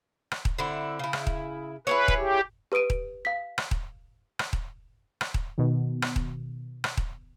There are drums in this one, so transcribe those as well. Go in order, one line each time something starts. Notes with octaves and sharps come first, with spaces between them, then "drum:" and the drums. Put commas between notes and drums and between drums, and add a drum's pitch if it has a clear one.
drum: rim click
drum: kick D#1
D3 C4 E4
C#3 E4
drum: rim click
drum: kick D#1
E4 G#4 B4 C#5
drum: kick D#1
G4
G4 B4 D#6 D7 D#7
drum: kick D#1
F5 B6
drum: rim click
drum: kick D#1
drum: rim click
drum: kick D#1
drum: rim click
drum: kick D#1
B2 D#3
drum: rim click
drum: kick D#1
drum: rim click
drum: kick D#1